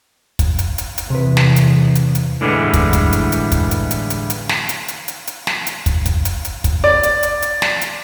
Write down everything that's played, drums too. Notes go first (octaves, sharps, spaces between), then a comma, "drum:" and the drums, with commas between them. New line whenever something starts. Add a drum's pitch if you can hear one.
drum: kick, hi-hat
drum: hi-hat
drum: hi-hat
drum: hi-hat
E2 C3 B4
drum: snare
drum: hi-hat
drum: hi-hat
drum: hi-hat
A2 D3 E3 G3 G#3 B3
drum: kick, hi-hat
drum: kick, hi-hat
drum: hi-hat
drum: hi-hat
drum: kick, hi-hat
drum: hi-hat
drum: hi-hat
drum: hi-hat
drum: hi-hat
drum: snare
drum: hi-hat
drum: hi-hat
drum: hi-hat
drum: hi-hat
drum: snare
drum: hi-hat
drum: kick, hi-hat
drum: kick, hi-hat
drum: hi-hat
drum: hi-hat
drum: kick, hi-hat
D5
drum: hi-hat
drum: hi-hat
drum: hi-hat
drum: snare
drum: hi-hat